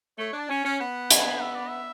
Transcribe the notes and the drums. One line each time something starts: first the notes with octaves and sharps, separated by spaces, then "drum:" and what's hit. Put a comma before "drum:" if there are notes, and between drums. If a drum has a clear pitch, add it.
A3 C#5
D4
A5
C#4 G#5
C#4
B3 F#5
G#5, drum: hi-hat
E5
D5
E5